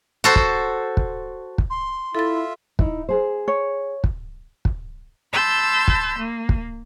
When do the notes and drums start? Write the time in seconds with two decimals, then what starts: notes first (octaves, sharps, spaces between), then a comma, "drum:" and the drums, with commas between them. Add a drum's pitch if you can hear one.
0.24 F#4 A4 C5
0.36 drum: kick
0.97 drum: kick
1.58 drum: kick
1.70 C6
2.15 E4 F4 A4 E5 A6
2.79 D#4 E4, drum: kick
3.09 G#4 C5
3.48 C#5
4.04 drum: kick
4.65 drum: kick
5.32 A5 B5 C6 E6 G6
5.88 drum: kick
6.18 A#3
6.49 drum: kick